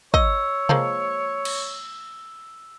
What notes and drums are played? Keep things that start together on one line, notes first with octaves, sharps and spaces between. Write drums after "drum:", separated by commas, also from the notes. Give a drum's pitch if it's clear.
C#5 D#5 E6, drum: kick
F3 G#3 A#3, drum: tom C3
drum: cymbal